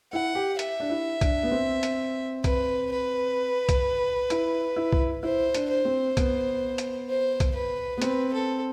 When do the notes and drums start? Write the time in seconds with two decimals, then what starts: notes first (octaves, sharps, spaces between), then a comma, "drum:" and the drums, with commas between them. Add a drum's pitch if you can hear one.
0.13 E4 F#5
0.35 G4
0.59 E5, drum: hi-hat
0.80 D4
0.90 E4
1.21 D4, drum: kick B1, hi-hat
1.43 B3
1.52 C4
1.83 drum: hi-hat
2.44 B4, drum: kick B1, hi-hat
2.92 B4
3.69 drum: kick B1, hi-hat
4.30 E4, drum: hi-hat
4.76 E4
4.92 drum: kick B1
5.23 E4 C5
5.54 D4, drum: hi-hat
5.70 C5
5.85 C4
6.17 B3, drum: kick B1, hi-hat
6.78 drum: hi-hat
7.09 C5
7.40 drum: kick B1, hi-hat
7.55 B4
7.97 B3
8.02 C4 B4, drum: hi-hat
8.33 A4